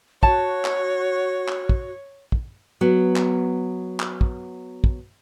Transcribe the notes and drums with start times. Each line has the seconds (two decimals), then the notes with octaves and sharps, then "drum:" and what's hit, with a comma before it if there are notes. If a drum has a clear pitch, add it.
0.23 F#4 C#5 A5, drum: kick
0.65 drum: clap
1.48 drum: clap
1.69 drum: kick
2.32 drum: kick
2.81 F#3 B3
3.16 drum: clap
4.00 drum: clap
4.21 drum: kick
4.84 drum: kick